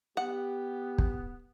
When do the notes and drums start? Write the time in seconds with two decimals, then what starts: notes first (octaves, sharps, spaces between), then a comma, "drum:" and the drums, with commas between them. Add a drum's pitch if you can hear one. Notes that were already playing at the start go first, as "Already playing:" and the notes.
0.17 B3 G4 F#5
0.98 drum: kick